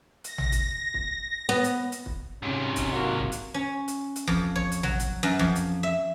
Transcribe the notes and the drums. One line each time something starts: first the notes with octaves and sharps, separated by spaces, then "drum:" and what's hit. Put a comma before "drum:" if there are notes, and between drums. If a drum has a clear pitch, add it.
A#6, drum: hi-hat
drum: tom A1
drum: kick, hi-hat
drum: kick
B3
drum: hi-hat
drum: hi-hat
drum: kick
G#2 C3 C#4
drum: kick, hi-hat
A#3 F#4
drum: kick
drum: hi-hat
C#4
drum: hi-hat
drum: hi-hat
F2, drum: kick
C#5, drum: kick
drum: hi-hat
F#3, drum: tom A1
drum: kick, hi-hat
F#2
F2, drum: kick
drum: hi-hat
E5